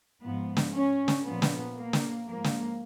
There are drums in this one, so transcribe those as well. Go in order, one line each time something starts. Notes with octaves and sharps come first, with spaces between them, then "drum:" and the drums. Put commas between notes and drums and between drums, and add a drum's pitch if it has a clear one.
G#2 F3 B3
drum: snare
C#4
drum: snare
A#2 F3 B3
drum: snare
A#3
drum: snare
G#2 F3 A#3
drum: snare